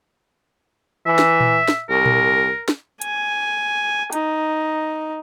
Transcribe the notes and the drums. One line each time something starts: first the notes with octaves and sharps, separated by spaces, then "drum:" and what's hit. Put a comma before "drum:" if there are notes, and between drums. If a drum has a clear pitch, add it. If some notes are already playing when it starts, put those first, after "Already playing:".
E3 E5
drum: snare
drum: tom A#2
drum: snare
C2 A#4
drum: tom A#2
drum: snare
G#5, drum: hi-hat
D#4, drum: hi-hat